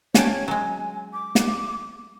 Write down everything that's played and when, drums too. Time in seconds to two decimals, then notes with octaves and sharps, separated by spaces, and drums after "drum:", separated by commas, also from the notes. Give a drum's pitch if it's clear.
0.14 C#4 D4 G4 C#5, drum: snare
0.48 F#3 G#3 G#5
1.13 D6
1.35 drum: snare